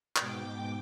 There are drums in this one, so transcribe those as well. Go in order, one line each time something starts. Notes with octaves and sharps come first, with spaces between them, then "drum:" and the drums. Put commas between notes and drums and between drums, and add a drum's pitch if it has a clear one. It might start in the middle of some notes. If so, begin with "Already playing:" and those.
G#2 B2 G5 D6, drum: clap